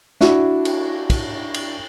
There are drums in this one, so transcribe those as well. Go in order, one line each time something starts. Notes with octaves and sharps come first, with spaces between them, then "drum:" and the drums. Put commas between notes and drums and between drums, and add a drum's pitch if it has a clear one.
D4 E4 F#4, drum: snare
drum: cymbal
drum: kick, cymbal
drum: cymbal